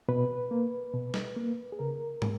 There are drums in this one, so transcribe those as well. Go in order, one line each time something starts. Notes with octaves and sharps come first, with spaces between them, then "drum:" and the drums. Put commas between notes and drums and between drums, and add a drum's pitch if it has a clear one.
B2 B4
A#3
B2
drum: snare
A#3
G#4
C#3 A#4
G#3, drum: tom